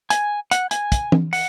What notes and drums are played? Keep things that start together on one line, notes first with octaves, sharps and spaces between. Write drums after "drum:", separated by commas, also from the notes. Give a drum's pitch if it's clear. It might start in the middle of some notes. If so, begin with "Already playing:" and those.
G#5, drum: hi-hat
F#5, drum: hi-hat
G#5, drum: hi-hat
drum: kick, hi-hat
drum: tom E3
F#5, drum: open hi-hat